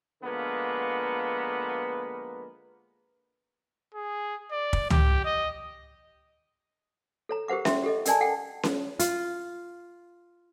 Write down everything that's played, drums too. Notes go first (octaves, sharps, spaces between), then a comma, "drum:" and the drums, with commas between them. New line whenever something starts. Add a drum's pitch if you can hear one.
D3 F3 G#3 A#3 B3 B4
G#4
D5
drum: kick
G4, drum: tom C#2
D#5
A4 C#5 A#5
G4 A#4 C5 F#5 D6
E5 G5 C6, drum: snare C#4
G4 A4 D#5
C#4 A#4 D5 G#5 A5, drum: hi-hat
A4 F#5 G5
drum: snare C#4
F4, drum: hi-hat